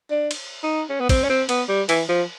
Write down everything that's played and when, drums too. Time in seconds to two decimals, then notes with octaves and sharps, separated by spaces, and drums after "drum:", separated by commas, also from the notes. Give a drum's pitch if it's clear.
0.11 D4
0.31 drum: cymbal
0.63 D#4
0.89 C#4
1.00 B3
1.09 C4, drum: kick, cymbal
1.24 C#4
1.30 C4
1.49 B3, drum: cymbal
1.68 G3
1.89 E3, drum: cymbal
2.08 F3